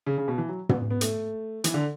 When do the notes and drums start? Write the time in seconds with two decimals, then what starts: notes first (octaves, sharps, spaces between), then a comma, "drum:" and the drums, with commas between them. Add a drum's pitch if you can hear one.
0.06 C#3
0.18 C#3
0.28 B2
0.38 E3
0.49 F#3
0.69 B3, drum: tom
0.90 B3
1.01 A3, drum: hi-hat
1.64 E3, drum: hi-hat
1.74 D3